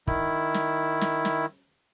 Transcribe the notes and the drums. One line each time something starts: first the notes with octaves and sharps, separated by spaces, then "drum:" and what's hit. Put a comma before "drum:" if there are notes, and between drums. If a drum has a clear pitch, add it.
D#3 E4, drum: kick
drum: snare
drum: snare
drum: snare